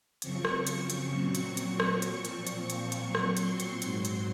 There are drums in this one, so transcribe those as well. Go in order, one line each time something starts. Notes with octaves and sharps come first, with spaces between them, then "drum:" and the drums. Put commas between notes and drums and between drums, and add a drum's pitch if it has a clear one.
F#2 C#3 F3 C4 C#6, drum: hi-hat
drum: rim click
C#6, drum: hi-hat
drum: hi-hat
A#2 F#3 C4
drum: hi-hat
drum: hi-hat
drum: rim click
A#2 F3 C4 C#6, drum: hi-hat
drum: hi-hat
C#6, drum: hi-hat
drum: hi-hat
A#2 F#3 C4, drum: hi-hat
drum: rim click
C6, drum: hi-hat
drum: hi-hat
G#2 F#3 C4, drum: hi-hat
drum: hi-hat